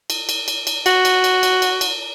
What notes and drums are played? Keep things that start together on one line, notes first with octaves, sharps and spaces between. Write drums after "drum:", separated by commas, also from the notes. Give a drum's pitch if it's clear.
drum: cymbal
drum: cymbal
drum: cymbal
drum: cymbal
F#4, drum: cymbal
drum: cymbal
drum: cymbal
drum: cymbal
drum: cymbal
drum: cymbal